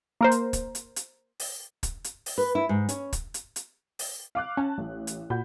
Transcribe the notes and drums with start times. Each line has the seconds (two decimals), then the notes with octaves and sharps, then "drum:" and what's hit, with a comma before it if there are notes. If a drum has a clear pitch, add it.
0.21 A#3 A#4 C5
0.31 drum: hi-hat
0.53 drum: kick, hi-hat
0.75 drum: hi-hat
0.96 drum: hi-hat
1.40 drum: open hi-hat
1.83 drum: kick, hi-hat
2.04 drum: hi-hat
2.26 drum: open hi-hat
2.38 B4
2.55 E4
2.69 G#2
2.89 C#4, drum: hi-hat
3.13 drum: kick, hi-hat
3.34 drum: hi-hat
3.56 drum: hi-hat
3.99 drum: open hi-hat
4.35 F5 D6 F#6
4.57 C#4 A5
4.78 A1
5.07 drum: hi-hat
5.30 A#2 F#4 B5 G6